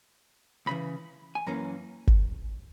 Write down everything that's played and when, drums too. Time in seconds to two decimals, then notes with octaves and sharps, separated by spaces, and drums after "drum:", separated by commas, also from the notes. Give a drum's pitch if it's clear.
0.66 C#2 C#3 E3 B5
1.35 G#5
1.47 F#2 E3 A#3 C#4 A#5
2.07 drum: kick G1